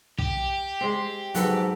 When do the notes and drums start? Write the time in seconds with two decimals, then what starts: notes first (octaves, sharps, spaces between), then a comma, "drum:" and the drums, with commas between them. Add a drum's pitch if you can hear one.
0.18 G4, drum: kick
0.81 G#3 C4
1.34 G#2 F#3 F#4 A4 B4, drum: hi-hat